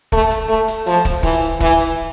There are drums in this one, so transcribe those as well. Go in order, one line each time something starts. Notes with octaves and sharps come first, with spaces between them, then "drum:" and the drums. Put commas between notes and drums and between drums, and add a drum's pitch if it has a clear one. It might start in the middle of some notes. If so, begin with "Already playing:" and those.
A3, drum: kick
drum: hi-hat
A3
drum: hi-hat
F3, drum: hi-hat
drum: kick, hi-hat
E3, drum: kick, open hi-hat
E3, drum: kick, hi-hat
drum: hi-hat